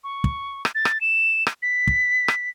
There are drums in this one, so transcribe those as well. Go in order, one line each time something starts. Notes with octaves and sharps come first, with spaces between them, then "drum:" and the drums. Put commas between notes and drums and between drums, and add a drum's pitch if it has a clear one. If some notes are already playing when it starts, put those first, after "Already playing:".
C#6
drum: kick
drum: rim click
A6
drum: rim click
E7
drum: rim click
B6
drum: kick
drum: rim click